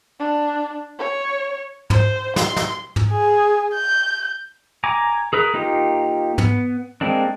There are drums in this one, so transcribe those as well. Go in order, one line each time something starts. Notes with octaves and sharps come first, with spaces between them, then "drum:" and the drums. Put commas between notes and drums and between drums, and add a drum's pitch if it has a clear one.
D4
C#5
C5, drum: tom
C6, drum: snare
drum: snare
drum: tom
G#4
G6
G#5 A#5 D6
G#4 A#4 B4
A#3 D#4 F4 G4
B3, drum: tom
G#3 A#3 C4 D4